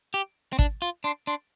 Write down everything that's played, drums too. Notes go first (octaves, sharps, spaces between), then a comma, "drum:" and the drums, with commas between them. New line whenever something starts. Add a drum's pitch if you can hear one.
G4
C4
D4, drum: kick G#1
F4
D4 C6
D4 C6